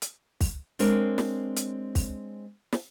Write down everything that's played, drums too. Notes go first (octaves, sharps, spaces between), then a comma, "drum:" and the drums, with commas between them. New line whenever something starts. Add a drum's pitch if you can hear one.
drum: hi-hat
drum: kick, open hi-hat
G#3 C4 D4 A#4 C#5, drum: open hi-hat
drum: snare
drum: hi-hat
drum: kick, open hi-hat
drum: snare